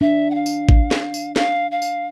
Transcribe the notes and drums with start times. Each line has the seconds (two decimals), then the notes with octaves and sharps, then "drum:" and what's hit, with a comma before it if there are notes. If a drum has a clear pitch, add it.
0.01 D4 E5
0.30 F#5
0.35 F5
0.46 drum: tambourine
0.69 drum: kick
0.91 drum: snare
1.14 drum: tambourine
1.36 F5, drum: snare
1.71 F5
1.82 drum: tambourine